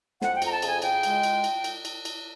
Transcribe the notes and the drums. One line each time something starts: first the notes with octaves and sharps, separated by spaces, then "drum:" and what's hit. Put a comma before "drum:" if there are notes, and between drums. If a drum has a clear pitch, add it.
F2 F#5, drum: snare
G5
F2 A#5, drum: cymbal
A5
C#3, drum: cymbal
G#5
C#3 G5, drum: cymbal
G#3, drum: cymbal
drum: cymbal
drum: cymbal
drum: cymbal
drum: cymbal
drum: cymbal